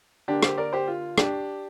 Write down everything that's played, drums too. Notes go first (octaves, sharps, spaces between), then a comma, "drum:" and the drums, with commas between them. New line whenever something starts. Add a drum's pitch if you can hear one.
D3 A#3 D4 G4
G4 C5, drum: rim click
A#4 D5
G4 C5
F4
D4 G4, drum: rim click